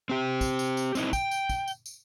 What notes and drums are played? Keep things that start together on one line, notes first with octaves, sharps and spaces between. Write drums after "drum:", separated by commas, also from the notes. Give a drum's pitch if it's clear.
C4 G4
drum: kick, tambourine
drum: tambourine
drum: tambourine
C4 D#4 E4, drum: tambourine
G5, drum: kick, tambourine
drum: tambourine
drum: kick, tambourine
drum: tambourine
drum: tambourine